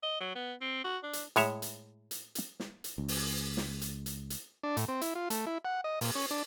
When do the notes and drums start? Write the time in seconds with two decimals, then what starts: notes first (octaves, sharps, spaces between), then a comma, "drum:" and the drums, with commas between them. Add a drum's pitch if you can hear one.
0.03 D#5
0.21 F#3
0.36 B3
0.61 C4
0.84 F#4
1.03 D4
1.13 drum: hi-hat
1.36 A2 G#3 C#5 E5, drum: hi-hat
1.62 drum: hi-hat
2.11 drum: hi-hat
2.35 drum: hi-hat
2.60 drum: snare
2.84 drum: hi-hat
2.98 C#2
3.08 drum: open hi-hat
3.57 drum: snare
3.82 drum: hi-hat
4.06 drum: hi-hat
4.30 drum: hi-hat
4.63 D4
4.77 A2, drum: hi-hat
4.88 C4
5.01 E4, drum: hi-hat
5.15 F4
5.30 A3, drum: hi-hat
5.47 E4
5.65 F#5
5.84 D#5
6.01 A#2, drum: open hi-hat
6.15 C#4
6.31 D4